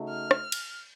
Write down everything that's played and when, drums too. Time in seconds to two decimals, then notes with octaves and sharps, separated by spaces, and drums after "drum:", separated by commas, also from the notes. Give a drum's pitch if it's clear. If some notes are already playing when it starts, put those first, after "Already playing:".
Already playing: C#3 A3 D#4 F#4
0.09 F6
0.31 drum: rim click
0.52 drum: cymbal